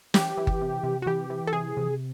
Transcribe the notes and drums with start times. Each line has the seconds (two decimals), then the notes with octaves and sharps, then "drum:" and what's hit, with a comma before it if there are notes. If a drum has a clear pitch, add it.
0.14 E3 G4, drum: snare
0.37 E3
0.47 drum: kick G1
0.61 C3
0.83 C3
1.02 F#4
1.06 E3 G4
1.30 E3
1.47 A4
1.53 C3 G#4
1.77 C3